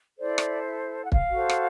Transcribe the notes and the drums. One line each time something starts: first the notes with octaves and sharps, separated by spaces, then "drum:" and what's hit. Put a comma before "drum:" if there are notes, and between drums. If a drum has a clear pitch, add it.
E4 A4 C5 D5
drum: rim click
F#5
F5, drum: kick
F#4 A4 C5
drum: rim click